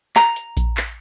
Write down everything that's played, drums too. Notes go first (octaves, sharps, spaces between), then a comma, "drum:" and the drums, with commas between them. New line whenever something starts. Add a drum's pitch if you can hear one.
A#5, drum: clap
drum: hi-hat
drum: kick A#1, hi-hat
drum: clap